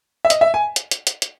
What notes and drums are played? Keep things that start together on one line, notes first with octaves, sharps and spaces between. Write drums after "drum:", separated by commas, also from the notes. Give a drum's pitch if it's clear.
E5
D#5, drum: hi-hat
E5
G#5
drum: hi-hat
drum: hi-hat
drum: hi-hat
drum: hi-hat